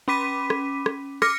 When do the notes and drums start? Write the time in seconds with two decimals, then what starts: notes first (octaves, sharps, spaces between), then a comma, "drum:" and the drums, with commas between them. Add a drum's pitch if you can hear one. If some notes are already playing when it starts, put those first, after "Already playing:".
0.08 C#4 B5 D6 B6 D#7
0.50 drum: rim click
0.86 drum: rim click
1.22 D6 F6 A#6 C#7, drum: rim click